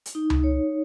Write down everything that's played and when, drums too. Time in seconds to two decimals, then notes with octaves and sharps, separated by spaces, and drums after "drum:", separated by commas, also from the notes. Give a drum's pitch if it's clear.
0.06 drum: hi-hat
0.15 D#4
0.30 drum: tom C#2
0.44 C#5